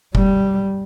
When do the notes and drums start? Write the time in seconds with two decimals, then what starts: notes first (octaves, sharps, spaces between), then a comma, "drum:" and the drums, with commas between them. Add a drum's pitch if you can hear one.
0.15 G3, drum: kick F1